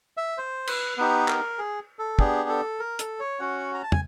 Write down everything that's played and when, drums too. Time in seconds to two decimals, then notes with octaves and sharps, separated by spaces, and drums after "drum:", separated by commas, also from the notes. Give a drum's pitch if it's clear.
0.17 E5
0.38 C5
0.67 B4, drum: cymbal
0.98 B3 D#4 G4 B4
1.28 A#4, drum: clap
1.58 G#4
1.99 A4
2.19 B3 D4 G4 G#4, drum: kick
2.49 A4
2.80 A#4
2.99 A4, drum: hi-hat
3.20 C#5
3.39 C#4 F#4 F#5
3.74 A#5
3.83 A5
3.92 G#5, drum: tom